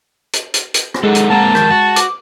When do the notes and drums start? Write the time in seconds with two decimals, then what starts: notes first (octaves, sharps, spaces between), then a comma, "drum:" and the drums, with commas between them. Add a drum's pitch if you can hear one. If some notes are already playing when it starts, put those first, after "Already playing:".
0.33 drum: hi-hat
0.54 drum: hi-hat
0.74 drum: hi-hat
0.94 drum: rim click
1.04 G#3 D#4 G#4 A4 F#5
1.15 drum: hi-hat
1.30 A#3 C4 A5 A#5
1.55 F2 D#3 A#4 G6, drum: rim click
1.70 F#4 A6
1.96 D6, drum: hi-hat